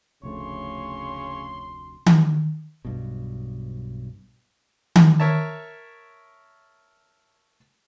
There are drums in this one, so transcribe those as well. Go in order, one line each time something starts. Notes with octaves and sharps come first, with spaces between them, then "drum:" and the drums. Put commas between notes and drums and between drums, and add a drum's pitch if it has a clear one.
F1 D2 C#3 A3 C#5 C6
drum: tom D#3
B1 G2 B2
drum: tom D#3
A#4 C#5 E5 A5